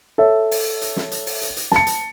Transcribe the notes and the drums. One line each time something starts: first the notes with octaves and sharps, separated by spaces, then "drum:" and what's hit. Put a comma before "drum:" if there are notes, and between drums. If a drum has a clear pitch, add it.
A4 C#5 E5
drum: open hi-hat
drum: hi-hat
drum: snare
drum: hi-hat
drum: open hi-hat
drum: hi-hat
drum: hi-hat
A5 C#7, drum: snare
drum: hi-hat